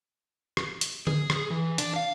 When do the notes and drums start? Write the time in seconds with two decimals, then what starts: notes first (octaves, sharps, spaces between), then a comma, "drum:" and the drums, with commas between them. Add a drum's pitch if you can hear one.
0.57 drum: rim click
0.81 drum: hi-hat
1.07 G#4, drum: tom D3
1.30 drum: rim click
1.51 E3
1.78 D4, drum: hi-hat
1.96 F5